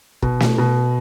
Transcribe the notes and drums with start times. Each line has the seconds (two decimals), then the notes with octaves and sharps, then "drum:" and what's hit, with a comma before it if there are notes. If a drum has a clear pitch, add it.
0.22 B2, drum: kick
0.40 drum: snare
0.58 B2